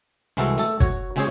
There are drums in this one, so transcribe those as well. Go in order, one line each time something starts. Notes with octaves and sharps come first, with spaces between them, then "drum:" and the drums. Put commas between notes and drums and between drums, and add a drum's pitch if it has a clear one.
C2 E3 G#3 C4 F#4 A4
A3 A4
F#4 C#5, drum: kick
C#3 G#3 C4 G4 G#4 C#5